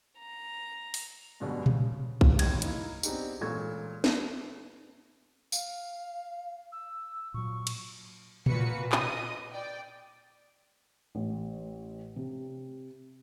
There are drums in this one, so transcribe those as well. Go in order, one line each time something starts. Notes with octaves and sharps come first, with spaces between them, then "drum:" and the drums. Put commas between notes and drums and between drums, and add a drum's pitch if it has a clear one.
A#5
drum: open hi-hat
F#2 B2 D3 G3 G#3
C#3, drum: tom A#2
drum: kick A#1
A1 D#2 G#6, drum: cymbal
A#3 D#4 E4, drum: hi-hat
B3 C4 D4 D#4 G4 G#4, drum: tambourine
A1 A#2 G#3 A4 C#6 G#6
drum: snare
F5, drum: tambourine
E6
A#2 F#3 C#6
drum: cymbal
A#2 F#4 B4 C#7, drum: tom A#2
D#5 D#6, drum: clap
D5 G5
A1
C3